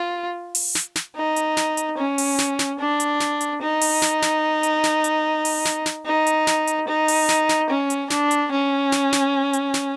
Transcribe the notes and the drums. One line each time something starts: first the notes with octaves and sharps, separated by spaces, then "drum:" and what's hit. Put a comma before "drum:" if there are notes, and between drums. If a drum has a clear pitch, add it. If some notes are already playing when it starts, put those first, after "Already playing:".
Already playing: F4
drum: open hi-hat
drum: snare
drum: snare
D#4
drum: hi-hat
drum: snare
drum: hi-hat
C#4
drum: open hi-hat
drum: snare
drum: snare
D4
drum: hi-hat
drum: snare
drum: hi-hat
D#4
drum: open hi-hat
drum: snare
drum: snare
drum: hi-hat
drum: snare
drum: hi-hat
drum: open hi-hat
drum: snare
drum: snare
D#4
drum: hi-hat
drum: snare
drum: hi-hat
D#4
drum: open hi-hat
drum: snare
drum: snare
C#4
drum: hi-hat
D4, drum: snare
drum: hi-hat
C#4
drum: snare
drum: snare
drum: hi-hat
drum: snare